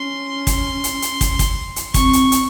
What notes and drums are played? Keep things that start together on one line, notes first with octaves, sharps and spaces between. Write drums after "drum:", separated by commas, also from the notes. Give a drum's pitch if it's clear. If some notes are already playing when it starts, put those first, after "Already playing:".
Already playing: C#4 C6
drum: kick, hi-hat
drum: hi-hat
drum: hi-hat
drum: kick, hi-hat
drum: kick, hi-hat
drum: hi-hat
C4 C#6, drum: kick, hi-hat
drum: hi-hat
drum: hi-hat